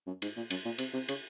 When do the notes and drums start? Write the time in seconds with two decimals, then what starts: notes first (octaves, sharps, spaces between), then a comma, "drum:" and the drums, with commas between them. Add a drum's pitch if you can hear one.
0.07 F#2
0.22 G#2, drum: cymbal
0.36 A#2
0.50 F#2, drum: cymbal
0.65 A#2
0.78 C3, drum: cymbal
0.93 C3
1.09 C#3, drum: cymbal